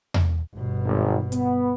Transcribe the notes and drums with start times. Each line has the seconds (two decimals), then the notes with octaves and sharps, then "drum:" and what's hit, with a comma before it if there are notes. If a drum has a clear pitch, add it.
0.14 drum: tom E2
0.54 G1 B2
0.86 G#1
1.32 B3, drum: hi-hat